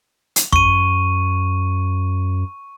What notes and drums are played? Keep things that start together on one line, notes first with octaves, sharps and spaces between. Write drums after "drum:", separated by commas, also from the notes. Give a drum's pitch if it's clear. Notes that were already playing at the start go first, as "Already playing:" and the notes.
drum: hi-hat
F#2 C#6 D#7, drum: kick